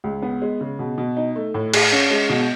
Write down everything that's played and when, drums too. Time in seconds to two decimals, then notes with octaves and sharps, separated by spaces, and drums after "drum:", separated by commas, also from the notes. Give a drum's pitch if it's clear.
0.04 C#2
0.22 B3
0.42 G#3
0.61 C#3
0.79 B2
0.98 B2
1.17 D#4
1.36 A3
1.54 A2
1.74 G#4, drum: cymbal
1.92 C#4
2.10 G#3
2.30 B2